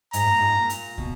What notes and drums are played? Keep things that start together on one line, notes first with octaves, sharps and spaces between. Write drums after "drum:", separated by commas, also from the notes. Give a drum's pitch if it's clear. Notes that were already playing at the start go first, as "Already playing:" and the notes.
G#2 A#5, drum: hi-hat
A#2
G#2
A#2
drum: hi-hat
B2, drum: kick